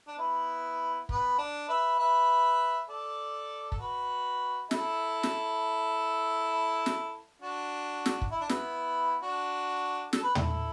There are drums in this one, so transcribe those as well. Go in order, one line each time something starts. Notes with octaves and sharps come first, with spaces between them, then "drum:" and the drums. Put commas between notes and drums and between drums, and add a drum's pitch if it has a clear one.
D4
B3 E4
B3, drum: kick
D4
B4 E5
B4 E5
A4 D5
A4, drum: kick
F#4 B4
E4 A4, drum: snare
drum: snare
drum: snare
D4 F#4
drum: snare
drum: kick
E4
D4
B3 E4, drum: snare
D4 F#4
A4, drum: snare
B4
E4 A4, drum: tom